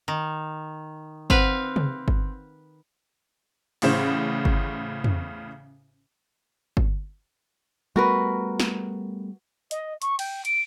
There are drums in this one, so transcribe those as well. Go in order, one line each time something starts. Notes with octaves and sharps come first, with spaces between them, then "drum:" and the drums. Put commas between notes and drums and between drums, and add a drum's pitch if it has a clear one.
D#3
C4 B4 F5 F#5, drum: kick G1
drum: tom C3
drum: kick G1
A1 A2 C#3 C5, drum: open hi-hat
drum: kick G1
drum: tom
drum: kick G1
G3 A3 B3 F#4 A#4 B4
drum: snare
D#5, drum: hi-hat
C#6, drum: hi-hat
G5, drum: cymbal
D7, drum: hi-hat